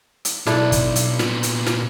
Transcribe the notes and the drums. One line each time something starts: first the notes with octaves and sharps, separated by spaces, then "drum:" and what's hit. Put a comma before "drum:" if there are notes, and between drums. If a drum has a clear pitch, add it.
drum: hi-hat
B1 D4 E4 A4, drum: snare
drum: kick, hi-hat
drum: hi-hat
A#2 B3, drum: snare
drum: hi-hat
drum: snare